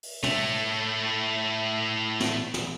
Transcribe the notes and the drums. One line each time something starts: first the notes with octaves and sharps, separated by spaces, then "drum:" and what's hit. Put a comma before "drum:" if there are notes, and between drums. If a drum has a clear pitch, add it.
drum: open hi-hat
A2 A3, drum: tom
drum: snare
drum: snare